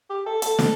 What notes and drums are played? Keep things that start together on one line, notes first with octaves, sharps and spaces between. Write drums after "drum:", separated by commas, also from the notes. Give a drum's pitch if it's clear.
G4
A4
A4, drum: hi-hat
drum: snare